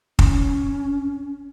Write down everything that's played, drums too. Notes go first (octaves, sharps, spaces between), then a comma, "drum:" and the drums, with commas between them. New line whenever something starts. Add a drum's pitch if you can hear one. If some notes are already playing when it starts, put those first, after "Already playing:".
C#4, drum: kick